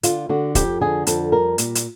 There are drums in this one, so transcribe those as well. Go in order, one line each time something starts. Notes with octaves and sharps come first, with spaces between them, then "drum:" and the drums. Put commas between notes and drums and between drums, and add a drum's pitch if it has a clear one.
D3 F4, drum: hi-hat
D3 F#4
F2 G4, drum: kick, hi-hat
D3 G#4
F2 A4, drum: hi-hat
G3 A#4
A#2, drum: hi-hat
drum: hi-hat